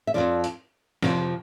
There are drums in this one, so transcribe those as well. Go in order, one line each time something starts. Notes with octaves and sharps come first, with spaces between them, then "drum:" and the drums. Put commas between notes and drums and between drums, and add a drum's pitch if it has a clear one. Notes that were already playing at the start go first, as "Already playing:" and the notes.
E5
F2 C3 F3 D5
drum: hi-hat
F2 C3 F3, drum: snare